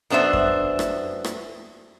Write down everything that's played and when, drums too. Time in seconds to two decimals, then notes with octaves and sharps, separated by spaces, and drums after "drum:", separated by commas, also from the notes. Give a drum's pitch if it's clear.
0.10 F#2 B3 D4 C5 E5
0.33 drum: kick F2
0.79 drum: rim click
1.24 drum: rim click